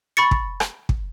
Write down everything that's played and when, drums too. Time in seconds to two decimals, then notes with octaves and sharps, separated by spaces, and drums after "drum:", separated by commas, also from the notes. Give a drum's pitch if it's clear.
0.17 B5 C#6 A6 C#7
0.31 drum: kick
0.60 drum: rim click
0.89 drum: kick